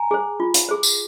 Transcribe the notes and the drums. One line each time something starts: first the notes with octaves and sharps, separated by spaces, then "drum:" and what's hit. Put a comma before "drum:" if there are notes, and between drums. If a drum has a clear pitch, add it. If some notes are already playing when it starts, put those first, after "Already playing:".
Already playing: G#5 A#5
G#4 C5
F4
drum: hi-hat
G#4 C5
drum: tambourine